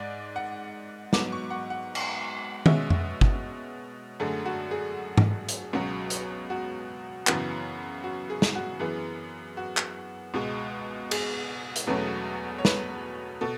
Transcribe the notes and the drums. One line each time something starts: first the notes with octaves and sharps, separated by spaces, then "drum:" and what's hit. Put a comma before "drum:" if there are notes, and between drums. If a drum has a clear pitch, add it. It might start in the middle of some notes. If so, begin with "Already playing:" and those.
Already playing: G#2 G#3 D5
F#5
G#2 F#3 B3 D6, drum: snare
C#6
F#5
F#5
drum: cymbal
B2 G#3 C#4 E5, drum: tom
drum: tom F2
drum: kick G1
F#2 D3 A3 G#4
F#4
G#4
drum: tom G#2
drum: hi-hat
C#2 B2 F#3 C#4
drum: hi-hat
F#4
F#2 C#3 E3 B3 F#4, drum: clap
F#4
G#4
drum: snare
F#4
F#2 E3 B3 G#4
F#4
drum: clap
C#2 B2 G#3
G#4, drum: cymbal
drum: hi-hat
E2 B2 F#3 A3 C#4 B4
C#5
B4, drum: snare
B2 A4